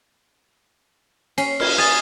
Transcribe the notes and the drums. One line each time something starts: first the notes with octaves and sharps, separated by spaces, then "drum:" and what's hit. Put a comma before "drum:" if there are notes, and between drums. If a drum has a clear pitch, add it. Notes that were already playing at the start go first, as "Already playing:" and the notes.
C#4 C7, drum: cymbal
F6 G#6, drum: cymbal
G#5 D#6 A6